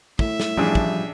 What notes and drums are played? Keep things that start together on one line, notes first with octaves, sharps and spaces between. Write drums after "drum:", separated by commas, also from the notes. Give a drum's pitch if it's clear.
A2 E5, drum: kick
drum: snare
A1 F3 G3 D4 G#4
drum: kick